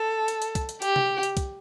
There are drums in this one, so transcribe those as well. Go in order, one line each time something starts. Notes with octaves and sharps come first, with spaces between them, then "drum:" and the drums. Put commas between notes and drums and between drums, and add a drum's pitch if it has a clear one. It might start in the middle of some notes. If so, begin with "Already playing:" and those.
Already playing: A4
drum: hi-hat
drum: hi-hat
drum: kick, hi-hat
drum: hi-hat
G4, drum: hi-hat
drum: tom C3
drum: hi-hat
drum: kick, hi-hat